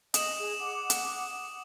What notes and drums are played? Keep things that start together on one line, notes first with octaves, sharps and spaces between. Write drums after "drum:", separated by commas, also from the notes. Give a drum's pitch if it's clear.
D#5 D#6 E7 F#7, drum: hi-hat
G#4
F#5 D6
drum: hi-hat